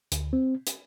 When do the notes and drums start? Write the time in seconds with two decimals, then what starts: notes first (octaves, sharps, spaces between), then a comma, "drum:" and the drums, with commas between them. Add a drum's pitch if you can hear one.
0.12 D2, drum: hi-hat
0.33 C4
0.67 drum: hi-hat